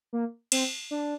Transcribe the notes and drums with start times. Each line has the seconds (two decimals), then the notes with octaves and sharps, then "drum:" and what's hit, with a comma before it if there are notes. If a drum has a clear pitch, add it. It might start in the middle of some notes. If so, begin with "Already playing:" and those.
0.13 A#3
0.52 C4, drum: cymbal
0.91 D4